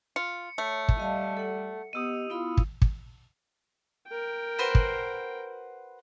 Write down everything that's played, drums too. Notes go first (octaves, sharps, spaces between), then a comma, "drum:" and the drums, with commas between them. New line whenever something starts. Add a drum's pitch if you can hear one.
F4 C#7
A3 C#5
drum: kick
G3 D#5 F5 A5
A4 F#5
B3 G4 D#5 D#6 E6 D#7
B3 E4 F4 B5 D#7
drum: kick
drum: kick
A#4 G5
F#4 B4 C5
drum: kick